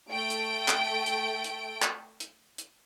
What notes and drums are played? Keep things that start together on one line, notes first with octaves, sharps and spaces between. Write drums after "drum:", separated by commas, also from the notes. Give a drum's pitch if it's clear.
A3 G5 D7
drum: hi-hat
drum: clap
drum: hi-hat
drum: hi-hat
drum: clap
drum: hi-hat
drum: hi-hat